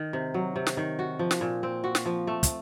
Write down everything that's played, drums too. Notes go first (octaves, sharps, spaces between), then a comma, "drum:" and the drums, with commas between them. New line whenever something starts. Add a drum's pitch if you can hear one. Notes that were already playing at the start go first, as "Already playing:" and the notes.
Already playing: D#3
C3
F#3
C3
drum: snare
D#3
F#4
F3
drum: snare
A#2
C4
F#4
drum: snare
F3
A3
drum: kick, hi-hat